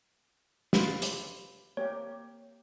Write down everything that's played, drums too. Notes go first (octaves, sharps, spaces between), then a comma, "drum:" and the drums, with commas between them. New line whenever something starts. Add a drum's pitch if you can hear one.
F4 B4, drum: snare
G4, drum: hi-hat
A#3 G4 C#5